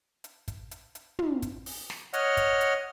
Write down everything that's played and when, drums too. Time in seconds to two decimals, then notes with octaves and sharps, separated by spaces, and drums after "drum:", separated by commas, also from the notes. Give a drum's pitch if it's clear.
0.24 drum: hi-hat
0.48 drum: kick, hi-hat
0.71 drum: hi-hat
0.95 drum: hi-hat
1.19 drum: tom
1.42 drum: kick, hi-hat
1.66 drum: open hi-hat
1.90 drum: snare
2.13 C#5 D#5 F#5 F6, drum: hi-hat
2.37 drum: kick, hi-hat
2.61 drum: hi-hat